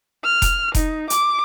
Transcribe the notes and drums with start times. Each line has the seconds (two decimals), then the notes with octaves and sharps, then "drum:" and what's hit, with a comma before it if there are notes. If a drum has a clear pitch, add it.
0.24 F6
0.42 drum: kick F1, hi-hat
0.75 D#4, drum: kick F1, hi-hat
1.10 D6, drum: hi-hat